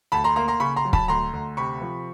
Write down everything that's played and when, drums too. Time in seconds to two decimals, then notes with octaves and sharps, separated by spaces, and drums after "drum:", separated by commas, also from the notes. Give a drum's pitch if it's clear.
0.12 D2 A5 B5
0.24 A#5 C6
0.36 A#3 A#5 C6
0.48 A#5 C6
0.60 C#3 B5 C#6
0.76 A#5 C6
0.85 F#3
0.93 A5 B5, drum: kick
1.08 D2 A#5 C6
1.33 D2
1.57 C3 B5 C#6
1.81 F3